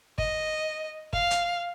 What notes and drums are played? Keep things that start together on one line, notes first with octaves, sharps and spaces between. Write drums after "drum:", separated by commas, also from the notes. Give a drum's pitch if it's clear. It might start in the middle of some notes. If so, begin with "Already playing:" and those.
D#5, drum: kick
F5, drum: kick
drum: hi-hat